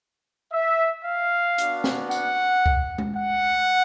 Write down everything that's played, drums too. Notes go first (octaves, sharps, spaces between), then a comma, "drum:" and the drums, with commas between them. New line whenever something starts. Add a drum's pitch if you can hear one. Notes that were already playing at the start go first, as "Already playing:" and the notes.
E5
F5
B3 D4 F#4, drum: hi-hat
drum: snare
F#5, drum: tambourine
drum: kick C#2
drum: tom G#3
F#5